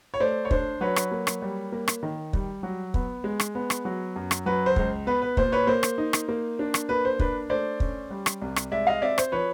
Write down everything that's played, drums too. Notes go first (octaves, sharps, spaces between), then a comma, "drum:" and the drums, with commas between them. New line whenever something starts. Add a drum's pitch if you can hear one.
C#5
A3 C5 D5
C#5
D4 C5, drum: kick
F#3 B4 C#5
drum: rim click
A#3
drum: rim click
G3
A#3
drum: rim click
D#3
G3, drum: kick
F#3
B3, drum: kick
G#3
drum: rim click
B3
drum: rim click
F#3
F#2
drum: rim click
F#3 B4
C5
C#2, drum: kick
B3 B4
B4
A#2 C5, drum: kick
B4 C#5
A#3 C5
drum: rim click
D#4
drum: rim click
A#3
D4
drum: rim click
A#3 B4
C5
D4 B4, drum: kick
A3 C5 D5
C#4, drum: kick
G3
drum: rim click
C2
drum: rim click
G#3 D5 E5
D#5 F5
C4 D5 E5
C5, drum: rim click
F3 B4 C#5